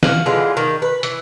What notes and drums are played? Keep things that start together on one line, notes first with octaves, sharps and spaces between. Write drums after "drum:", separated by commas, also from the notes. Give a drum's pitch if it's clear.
F5 F#5, drum: snare
D3 E3 G#3 F4
D#3 D#4
B4
E3, drum: hi-hat